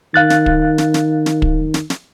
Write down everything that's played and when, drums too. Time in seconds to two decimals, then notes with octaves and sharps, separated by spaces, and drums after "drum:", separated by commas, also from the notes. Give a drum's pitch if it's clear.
0.14 D#3 F5 F#6 A6
0.30 drum: snare
0.46 drum: kick
0.78 drum: snare
0.94 drum: snare
1.26 drum: snare
1.42 drum: kick
1.74 drum: snare
1.90 drum: snare